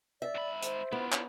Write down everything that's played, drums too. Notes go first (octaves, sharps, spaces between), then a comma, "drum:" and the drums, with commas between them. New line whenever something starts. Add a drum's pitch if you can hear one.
D5 E5
G#2 B5
C5, drum: hi-hat
B3 E4 F4
drum: clap